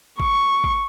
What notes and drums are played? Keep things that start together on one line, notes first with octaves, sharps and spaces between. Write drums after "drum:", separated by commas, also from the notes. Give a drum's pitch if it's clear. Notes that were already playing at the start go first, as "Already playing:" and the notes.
C#6, drum: kick G#1
drum: kick G#1